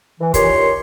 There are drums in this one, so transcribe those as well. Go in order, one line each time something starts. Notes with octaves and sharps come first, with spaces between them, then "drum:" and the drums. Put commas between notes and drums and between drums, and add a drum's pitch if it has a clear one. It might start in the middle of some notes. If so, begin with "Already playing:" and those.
E3
A#2 D#3 G4 C#5 C6, drum: kick, hi-hat